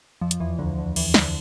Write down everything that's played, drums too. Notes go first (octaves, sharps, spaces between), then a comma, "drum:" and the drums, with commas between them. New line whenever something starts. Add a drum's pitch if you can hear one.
F2 F3
drum: hi-hat
E2 E3
D2 D3
D2 D3
E2 E3, drum: cymbal
D2 D3, drum: snare